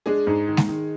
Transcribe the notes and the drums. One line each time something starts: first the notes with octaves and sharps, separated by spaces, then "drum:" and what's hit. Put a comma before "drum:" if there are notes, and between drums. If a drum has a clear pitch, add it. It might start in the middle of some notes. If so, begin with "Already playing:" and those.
G#3 D4 G#4
G#2
D#3
drum: snare G#3
D#3